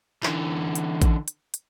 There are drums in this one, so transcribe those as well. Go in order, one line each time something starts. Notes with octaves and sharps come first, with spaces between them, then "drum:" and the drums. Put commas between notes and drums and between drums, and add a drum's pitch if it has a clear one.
D3 E3, drum: clap
drum: hi-hat
drum: kick A1, hi-hat
drum: hi-hat
drum: hi-hat